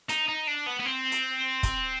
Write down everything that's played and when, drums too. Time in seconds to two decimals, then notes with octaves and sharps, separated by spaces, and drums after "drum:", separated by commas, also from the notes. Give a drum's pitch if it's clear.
0.09 D#4, drum: hi-hat
0.28 D#4
0.47 D4
0.67 B3
0.80 B3
0.86 C4
1.12 drum: hi-hat
1.63 drum: kick, hi-hat